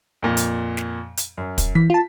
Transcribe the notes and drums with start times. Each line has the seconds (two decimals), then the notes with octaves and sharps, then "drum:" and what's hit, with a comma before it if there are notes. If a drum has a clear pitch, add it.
0.22 F2 A#2
0.37 drum: hi-hat
0.77 drum: snare
1.17 drum: hi-hat
1.38 F#2
1.58 drum: kick, hi-hat
1.75 E3 B6
1.90 F4 A5